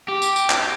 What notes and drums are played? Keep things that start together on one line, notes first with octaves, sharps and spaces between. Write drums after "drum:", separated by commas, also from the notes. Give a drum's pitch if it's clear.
G4
drum: tambourine
drum: tambourine
drum: clap